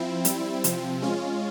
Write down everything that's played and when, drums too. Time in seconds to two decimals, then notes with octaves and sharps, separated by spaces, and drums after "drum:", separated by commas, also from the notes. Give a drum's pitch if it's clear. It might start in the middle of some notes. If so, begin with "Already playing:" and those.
Already playing: F3 C4 E4
0.25 G3 C4 E4, drum: hi-hat
0.64 C3 F3 C4, drum: hi-hat
1.02 G#3 C#4 F4